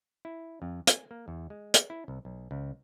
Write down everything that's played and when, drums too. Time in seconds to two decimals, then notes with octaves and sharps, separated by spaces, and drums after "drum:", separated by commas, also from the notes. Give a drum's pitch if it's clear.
0.25 E4
0.62 F2
0.87 G#5, drum: hi-hat
1.11 A#3
1.28 E2
1.50 G#3
1.74 drum: hi-hat
1.90 E4
2.08 C2
2.25 B1
2.51 C#2